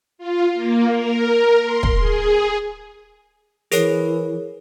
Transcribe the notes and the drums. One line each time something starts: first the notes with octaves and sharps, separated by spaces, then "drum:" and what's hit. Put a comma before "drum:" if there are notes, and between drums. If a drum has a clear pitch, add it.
F4
A#3
A#4
C6
drum: kick
G#4
E3 G#4 A#4 C#5, drum: hi-hat